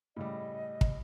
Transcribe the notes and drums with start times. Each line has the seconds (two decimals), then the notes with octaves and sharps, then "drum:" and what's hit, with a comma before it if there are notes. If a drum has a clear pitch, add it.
0.16 A2 C#3 G3 D#5
0.81 drum: kick